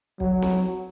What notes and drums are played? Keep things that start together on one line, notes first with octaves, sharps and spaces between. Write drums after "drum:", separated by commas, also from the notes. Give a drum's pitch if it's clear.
F#3, drum: kick
drum: snare